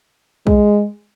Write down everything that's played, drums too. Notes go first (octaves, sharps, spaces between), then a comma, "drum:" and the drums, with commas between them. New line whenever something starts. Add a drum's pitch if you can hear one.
G#3, drum: kick